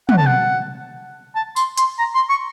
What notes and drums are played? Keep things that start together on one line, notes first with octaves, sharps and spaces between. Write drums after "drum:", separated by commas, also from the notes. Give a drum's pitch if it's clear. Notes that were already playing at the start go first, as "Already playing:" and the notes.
F#5, drum: tom
A5
F#5
A5
C6, drum: tambourine
C6, drum: hi-hat
A#5
C6
C#6